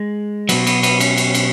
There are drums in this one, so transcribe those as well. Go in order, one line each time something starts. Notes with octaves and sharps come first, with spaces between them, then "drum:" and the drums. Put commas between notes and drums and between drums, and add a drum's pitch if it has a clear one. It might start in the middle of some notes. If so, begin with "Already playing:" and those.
Already playing: G#3
B2 F#3 B3, drum: cymbal
B3, drum: cymbal
B3, drum: cymbal
C#4, drum: cymbal
drum: cymbal
drum: cymbal